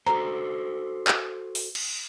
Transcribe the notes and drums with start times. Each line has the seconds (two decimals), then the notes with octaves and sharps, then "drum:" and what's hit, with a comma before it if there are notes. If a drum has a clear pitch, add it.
0.07 F#4 A4 C5 A#5
1.08 drum: clap
1.55 drum: open hi-hat
1.75 drum: cymbal